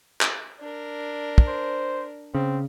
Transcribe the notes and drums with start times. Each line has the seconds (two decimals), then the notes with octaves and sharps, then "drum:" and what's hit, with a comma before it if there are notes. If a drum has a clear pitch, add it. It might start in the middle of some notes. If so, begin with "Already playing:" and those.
0.21 drum: clap
0.60 D4 A#4
1.38 drum: kick
1.48 C5
2.35 C#3 C4